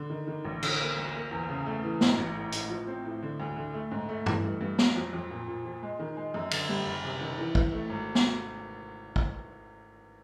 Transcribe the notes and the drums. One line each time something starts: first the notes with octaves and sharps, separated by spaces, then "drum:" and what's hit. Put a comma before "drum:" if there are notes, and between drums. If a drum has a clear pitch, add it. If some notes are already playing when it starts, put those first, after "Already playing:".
Already playing: D3
D#3
D#3
A1
D3, drum: cymbal
A#3
D2
A#3
E2
C#3
A3
E3
G#2, drum: snare
A1
A2
A2, drum: hi-hat
F3
C4
A2
D3
D2
D3
A3
G#2
A3
E3, drum: tom
G2
G2
F#3, drum: snare
F2
F2
A#2
A#2
F3
G#3
D#3
G#3
F#2
D3, drum: cymbal
G3
F#1
C3
D#3
E3
E3, drum: kick
A3
G#1
drum: snare
drum: kick